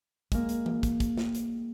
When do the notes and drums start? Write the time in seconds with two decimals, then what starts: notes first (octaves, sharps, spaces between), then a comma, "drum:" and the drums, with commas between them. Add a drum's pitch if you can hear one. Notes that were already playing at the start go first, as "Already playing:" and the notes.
0.32 G#3 A#3, drum: kick, hi-hat
0.49 drum: hi-hat
0.66 drum: tom E3
0.83 drum: kick, hi-hat
1.00 drum: kick, hi-hat
1.17 drum: snare
1.35 drum: hi-hat